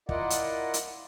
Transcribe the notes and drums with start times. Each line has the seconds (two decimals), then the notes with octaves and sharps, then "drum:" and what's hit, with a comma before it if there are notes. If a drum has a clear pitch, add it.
0.09 E4 F4 A#4 D5 D#5 F#5, drum: kick
0.30 drum: hi-hat
0.74 drum: hi-hat